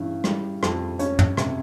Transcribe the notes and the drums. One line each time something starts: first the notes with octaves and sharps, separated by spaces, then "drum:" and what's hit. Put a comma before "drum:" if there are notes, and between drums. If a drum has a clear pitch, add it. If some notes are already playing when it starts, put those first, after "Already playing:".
Already playing: G2 E3 C#4
G3, drum: rim click
F2, drum: rim click
C#4 C#5, drum: hi-hat
drum: tom
C3, drum: rim click